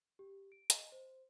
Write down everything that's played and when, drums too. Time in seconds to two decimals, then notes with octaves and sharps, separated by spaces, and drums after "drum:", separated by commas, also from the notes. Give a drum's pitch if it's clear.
0.19 G4
0.52 D7
0.70 D#5, drum: hi-hat
0.92 C5